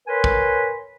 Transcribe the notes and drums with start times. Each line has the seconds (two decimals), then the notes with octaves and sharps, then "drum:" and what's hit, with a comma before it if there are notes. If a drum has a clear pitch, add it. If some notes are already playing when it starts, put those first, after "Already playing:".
0.08 A#4 B4 C#5 G#5 B5 C6
0.24 drum: kick